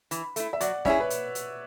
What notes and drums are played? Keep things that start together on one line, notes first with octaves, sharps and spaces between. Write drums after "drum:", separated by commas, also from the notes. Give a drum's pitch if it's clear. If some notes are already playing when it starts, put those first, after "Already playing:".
E3, drum: hi-hat
A3 E4, drum: hi-hat
E5
F#3 D5 F#5, drum: hi-hat
C#4 E4 G#4 C#5 E5, drum: snare
B4
drum: hi-hat
drum: hi-hat